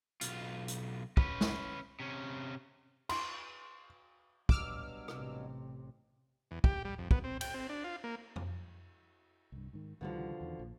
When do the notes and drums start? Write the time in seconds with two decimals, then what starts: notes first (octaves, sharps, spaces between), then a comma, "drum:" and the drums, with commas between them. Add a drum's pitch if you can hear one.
0.21 B1 F4, drum: hi-hat
0.68 drum: hi-hat
1.17 C#4 B4, drum: kick
1.41 drum: snare
2.00 C3 C#4
3.09 C6, drum: cymbal
4.49 G2 B2 F#3 D6 E6 F6, drum: kick
5.08 A1 C3, drum: rim click
6.51 E2
6.64 G4, drum: kick
6.85 G3
6.98 F2
7.11 B3, drum: kick
7.24 C4
7.41 G5, drum: cymbal
7.54 C4
7.69 D4
7.84 F4
8.04 A#3
8.36 drum: tom F2
9.52 C2 G2
9.73 G#2 D#3
10.01 C#2 B2 D3 D#3 F3 G3
10.41 E2 D#3
10.59 A#1 A#2